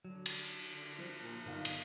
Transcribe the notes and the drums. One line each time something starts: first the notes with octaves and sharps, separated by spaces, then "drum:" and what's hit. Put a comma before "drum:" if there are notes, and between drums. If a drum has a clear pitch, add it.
D3 F#3
drum: cymbal
D3
F3
A#2
G1 D#3 F5
drum: cymbal